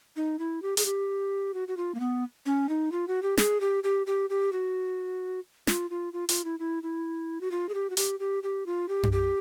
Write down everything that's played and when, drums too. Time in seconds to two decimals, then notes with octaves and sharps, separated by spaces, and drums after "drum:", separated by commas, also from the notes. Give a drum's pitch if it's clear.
0.16 D#4
0.39 E4
0.62 G4
0.77 G#4, drum: hi-hat
0.86 G4
1.54 F#4
1.68 F#4
1.77 F4
1.95 A#3
2.00 B3
2.46 C#4
2.69 D#4
2.92 F4
3.08 F#4
3.23 G4
3.37 G#4, drum: snare
3.61 G4
3.84 G4
4.07 G4
4.30 G4
4.53 F#4
5.67 F4, drum: snare
5.90 F4
6.13 F4
6.29 F4, drum: hi-hat
6.45 E4
6.59 E4
6.83 E4
7.41 F#4
7.52 F4
7.69 G#4
7.74 G4
7.90 F#4
7.97 G4, drum: hi-hat
8.20 G4
8.43 G4
8.66 F4
8.89 G4
9.03 drum: tom F#2
9.12 G4